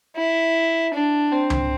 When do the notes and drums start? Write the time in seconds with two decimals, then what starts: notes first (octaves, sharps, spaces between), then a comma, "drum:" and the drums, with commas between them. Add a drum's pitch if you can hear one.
0.16 E4
0.94 D4
1.32 C4
1.50 drum: tom C#2